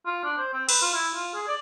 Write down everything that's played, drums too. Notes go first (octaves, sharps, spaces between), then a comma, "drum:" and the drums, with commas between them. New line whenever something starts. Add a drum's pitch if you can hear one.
F4
D4
C5
C4
B4, drum: cymbal
F4
E4
F4
G#4
D5